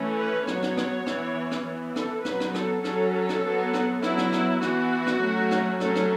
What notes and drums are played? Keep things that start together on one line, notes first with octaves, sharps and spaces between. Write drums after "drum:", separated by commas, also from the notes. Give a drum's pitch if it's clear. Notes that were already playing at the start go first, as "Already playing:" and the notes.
Already playing: E3 A3 C#4
B4
F#3 B3 C#5, drum: rim click
drum: rim click
drum: rim click
E3 B3, drum: rim click
drum: rim click
E3 B3
A4, drum: rim click
F#3 B3 B4, drum: rim click
drum: rim click
A4, drum: rim click
F#3 C#4 A4, drum: rim click
drum: rim click
F#3 B3
drum: rim click
F#3 B3 E4, drum: rim click
drum: rim click
drum: rim click
E3 B3 F#4, drum: rim click
drum: rim click
F#3 A3 C#4
drum: rim click
F#3 A3 C#4 A4, drum: rim click
drum: rim click